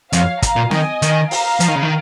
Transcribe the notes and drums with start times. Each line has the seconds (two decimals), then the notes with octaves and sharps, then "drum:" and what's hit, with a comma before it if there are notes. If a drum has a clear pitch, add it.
0.13 F2 C#5 F5, drum: hi-hat
0.42 F5 A#5, drum: kick, hi-hat
0.57 A#2
0.71 D#3 D#5 G#5, drum: snare
1.02 D#3, drum: hi-hat
1.31 F5 A#5, drum: open hi-hat
1.60 F3, drum: hi-hat
1.68 D#3
1.76 C#3
1.83 D#3